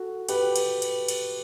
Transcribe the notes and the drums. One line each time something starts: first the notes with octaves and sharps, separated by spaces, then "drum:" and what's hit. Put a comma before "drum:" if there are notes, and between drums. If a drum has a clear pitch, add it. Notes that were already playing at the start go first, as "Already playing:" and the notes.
Already playing: F#4 A4
G4 B4, drum: cymbal
drum: cymbal
drum: cymbal
drum: cymbal